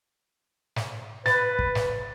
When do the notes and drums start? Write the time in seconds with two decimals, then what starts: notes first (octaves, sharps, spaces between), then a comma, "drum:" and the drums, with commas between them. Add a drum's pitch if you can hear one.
0.76 drum: snare
1.26 B4 A6, drum: snare
1.59 drum: kick
1.75 drum: snare